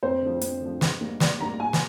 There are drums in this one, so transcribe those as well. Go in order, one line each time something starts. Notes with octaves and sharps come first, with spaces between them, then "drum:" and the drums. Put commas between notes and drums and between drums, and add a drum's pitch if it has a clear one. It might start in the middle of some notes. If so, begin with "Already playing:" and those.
F2 C5
D3 F3
F2, drum: hi-hat
D3 F3
G#2, drum: snare
G3 A#3
G#2 D5, drum: snare
G3 A#3 A#5
A#2 G#5
drum: snare